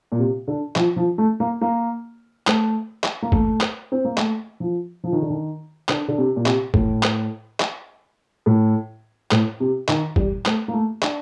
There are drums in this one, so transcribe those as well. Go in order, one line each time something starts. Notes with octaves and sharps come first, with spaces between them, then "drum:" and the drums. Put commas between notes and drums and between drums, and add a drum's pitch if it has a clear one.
A#2
C3
D3
F3, drum: clap
F3
A3
A#3
A#3
A3, drum: clap
drum: clap
A#3
A3, drum: kick
drum: clap
C4
A#3
A3, drum: clap
F3
F3
D#3
D3
D#3
D3, drum: clap
D3
C3
A#2
C3, drum: clap
A2, drum: kick
drum: clap
drum: clap
A2
A2, drum: clap
C3
D#3, drum: clap
G3, drum: kick
A3, drum: clap
A#3
A3
D4, drum: clap